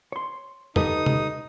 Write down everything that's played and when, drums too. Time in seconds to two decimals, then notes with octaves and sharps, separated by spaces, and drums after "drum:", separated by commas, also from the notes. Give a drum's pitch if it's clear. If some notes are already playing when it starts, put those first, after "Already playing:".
0.12 C#5 C6
0.76 D#4 G4 A4 B4 D#6, drum: tom E2
1.06 drum: tom C3